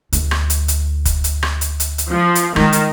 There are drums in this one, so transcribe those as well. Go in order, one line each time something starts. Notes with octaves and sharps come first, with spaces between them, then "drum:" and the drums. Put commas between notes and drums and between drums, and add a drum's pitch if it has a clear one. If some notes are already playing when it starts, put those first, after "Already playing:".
D2, drum: hi-hat
drum: rim click
drum: hi-hat
drum: hi-hat
drum: kick, hi-hat
drum: hi-hat
drum: rim click
drum: hi-hat
drum: hi-hat
drum: hi-hat
F3
drum: hi-hat
D#3 G#3 F4, drum: rim click
drum: hi-hat